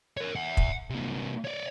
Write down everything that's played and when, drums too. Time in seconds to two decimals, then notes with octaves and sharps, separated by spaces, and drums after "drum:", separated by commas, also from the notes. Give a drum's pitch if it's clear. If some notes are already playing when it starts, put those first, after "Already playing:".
0.17 A#4 C#5
0.35 E5 F#5
0.57 drum: kick
0.90 C3 A#3
1.44 C#5 D5